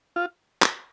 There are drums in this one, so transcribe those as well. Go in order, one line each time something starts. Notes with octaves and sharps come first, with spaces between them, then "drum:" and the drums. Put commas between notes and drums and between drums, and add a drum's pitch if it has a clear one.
F4
drum: clap